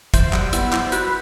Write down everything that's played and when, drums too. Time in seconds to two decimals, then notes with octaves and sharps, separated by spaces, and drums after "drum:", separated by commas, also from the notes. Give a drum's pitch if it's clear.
0.14 E3 C5, drum: kick, hi-hat
0.33 F#3 G3, drum: clap
0.53 B3 E4, drum: hi-hat
0.72 E4 C5, drum: clap
0.92 F#4 B4, drum: hi-hat